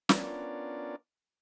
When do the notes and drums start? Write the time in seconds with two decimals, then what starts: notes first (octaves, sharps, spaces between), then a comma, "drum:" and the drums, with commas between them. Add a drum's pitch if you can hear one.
0.09 B3 C#4 D4 F4 A#4 D5, drum: snare